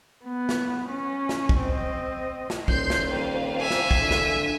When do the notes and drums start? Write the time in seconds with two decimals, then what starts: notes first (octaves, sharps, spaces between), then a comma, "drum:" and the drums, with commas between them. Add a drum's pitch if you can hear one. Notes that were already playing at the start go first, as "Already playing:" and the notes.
0.24 B3
0.49 drum: snare
0.89 C#4
1.29 drum: snare
1.49 drum: kick
1.61 C4 D#5
2.50 drum: snare
2.68 D#1 C6 G6 C7, drum: kick
2.90 drum: snare
3.08 F2 F5
3.61 E5 G#5
3.71 drum: snare
3.91 drum: kick
4.01 D3
4.11 drum: snare